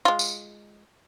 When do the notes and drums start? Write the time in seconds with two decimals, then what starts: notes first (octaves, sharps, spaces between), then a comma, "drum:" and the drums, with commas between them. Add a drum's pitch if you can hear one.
0.05 G#3 F4
0.19 drum: tambourine